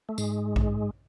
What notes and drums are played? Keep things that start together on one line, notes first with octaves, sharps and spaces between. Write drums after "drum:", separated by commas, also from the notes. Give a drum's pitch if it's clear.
A3
G#2 G#3, drum: tambourine
drum: kick A#1